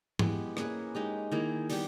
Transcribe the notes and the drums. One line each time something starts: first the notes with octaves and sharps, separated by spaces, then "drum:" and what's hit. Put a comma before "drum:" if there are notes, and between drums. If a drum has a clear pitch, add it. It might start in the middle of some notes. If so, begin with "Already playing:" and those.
G#3 B3 E4 G4, drum: tom G#2
A#3 C#4 G#4 B4, drum: rim click
G#3 D#4 G4
D#3 A#3 E4 G#4
G3 B3 G4, drum: open hi-hat